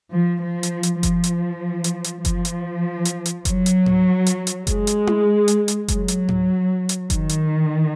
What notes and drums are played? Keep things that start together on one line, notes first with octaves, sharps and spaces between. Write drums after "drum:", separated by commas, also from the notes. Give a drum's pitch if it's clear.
F3
F3
drum: hi-hat
drum: hi-hat
F3, drum: kick F#1, hi-hat
drum: hi-hat
drum: hi-hat
drum: hi-hat
F3, drum: kick F#1, hi-hat
drum: hi-hat
drum: hi-hat
drum: hi-hat
F#3, drum: kick F#1, hi-hat
drum: hi-hat
drum: tom G#2
drum: hi-hat
drum: hi-hat
G#3, drum: kick F#1, hi-hat
drum: hi-hat
drum: tom E4
drum: hi-hat
drum: hi-hat
F#3, drum: kick F#1, hi-hat
drum: hi-hat
drum: tom G#2
drum: hi-hat
D#3, drum: kick F#1, hi-hat
drum: hi-hat